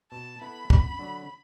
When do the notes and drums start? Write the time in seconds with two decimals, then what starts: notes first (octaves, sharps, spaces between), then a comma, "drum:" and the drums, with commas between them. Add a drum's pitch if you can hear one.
0.11 B2 A5
0.41 B3 E4 A4 B5
0.70 F#2, drum: kick
0.99 D3 F#3 D4 F#4